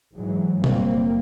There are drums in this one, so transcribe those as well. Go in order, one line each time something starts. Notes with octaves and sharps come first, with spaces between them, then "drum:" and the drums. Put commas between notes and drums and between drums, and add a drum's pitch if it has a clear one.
G#2 E3 F#3 G#3
F#1 G3 A#3 C4, drum: tom B2